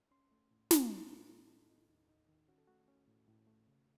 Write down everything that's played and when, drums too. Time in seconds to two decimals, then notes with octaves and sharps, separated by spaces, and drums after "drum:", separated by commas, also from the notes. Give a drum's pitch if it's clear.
0.11 C#4 C6
0.31 A3
0.51 A2
0.71 A2, drum: snare
0.90 C#4 C5
1.10 A2 A#4
1.30 D#3 A4
1.50 D#4
1.69 D#4
1.90 D#2
2.09 D#4
2.29 D#3
2.48 C#4 F#4
2.58 A4
2.68 A3 F#4
2.88 C#4
3.08 A2
3.27 A2
3.47 A3
3.67 C#3